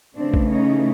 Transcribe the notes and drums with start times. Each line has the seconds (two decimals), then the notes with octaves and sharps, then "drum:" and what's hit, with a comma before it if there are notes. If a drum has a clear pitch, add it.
0.16 C#3 E3 A3 C4 D4
0.34 drum: kick A#1
0.50 C#4 D#4